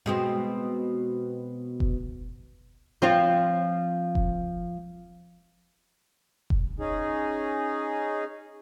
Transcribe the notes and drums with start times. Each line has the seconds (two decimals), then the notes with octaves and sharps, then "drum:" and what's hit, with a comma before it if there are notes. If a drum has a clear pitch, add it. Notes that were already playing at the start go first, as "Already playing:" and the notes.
0.06 B2 G#3 C4
1.80 drum: kick F1
3.02 F3 C4 F4
4.15 drum: kick F1
6.50 drum: kick F1
6.80 C#4 D#4 G#4